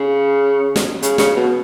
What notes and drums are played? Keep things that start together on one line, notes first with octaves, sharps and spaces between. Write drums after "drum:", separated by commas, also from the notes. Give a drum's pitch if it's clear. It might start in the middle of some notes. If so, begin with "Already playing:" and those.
Already playing: C#3
drum: snare
C#3, drum: hi-hat
C#3, drum: snare
B2